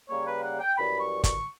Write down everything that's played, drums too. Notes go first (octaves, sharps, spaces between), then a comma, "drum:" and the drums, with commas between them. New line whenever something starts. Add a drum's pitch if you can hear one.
C#3 G3 A#3 C#5
B4
F#5
G5
F#2 E3 G3 B5
C#6
C#6, drum: kick G1, hi-hat